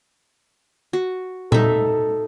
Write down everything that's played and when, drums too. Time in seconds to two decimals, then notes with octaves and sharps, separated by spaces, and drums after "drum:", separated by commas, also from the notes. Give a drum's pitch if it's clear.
0.93 F#4
1.52 D#4 A4 E5, drum: tom A#2